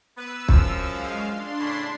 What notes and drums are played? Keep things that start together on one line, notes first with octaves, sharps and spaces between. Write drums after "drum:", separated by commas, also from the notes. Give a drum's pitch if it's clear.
B3 B4 E6
F#2 F3, drum: kick
G#3 F5
D4 C6
A2 C#3 E4